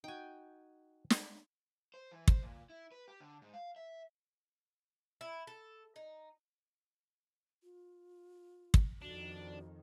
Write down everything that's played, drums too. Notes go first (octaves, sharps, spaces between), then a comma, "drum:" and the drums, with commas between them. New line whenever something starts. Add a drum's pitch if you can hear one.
D#4 F#4 G5 G#5
drum: snare
C5
E3
C5, drum: kick
A#2
E4
B4
G4
D3
G#2
F5
E5
E4
A4
D#4
F4
drum: kick
F2 D#3 D4 F#4